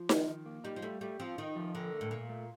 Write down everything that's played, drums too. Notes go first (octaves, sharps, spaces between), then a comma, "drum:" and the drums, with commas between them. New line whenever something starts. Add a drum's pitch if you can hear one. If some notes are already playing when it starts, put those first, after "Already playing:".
Already playing: F3
D#3, drum: snare D#4
D#3
A#3
G3 D#4
F3
G3 A3
G3 A3
F3 C4
D#3 D#4
F3
D3 A#4
A3
A2
A#2 A#4
A3